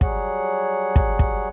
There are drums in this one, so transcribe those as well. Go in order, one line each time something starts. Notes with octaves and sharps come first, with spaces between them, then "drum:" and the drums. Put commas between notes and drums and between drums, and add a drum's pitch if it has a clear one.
F#3 G3 G#4 C#5 F#5, drum: kick
drum: kick
drum: kick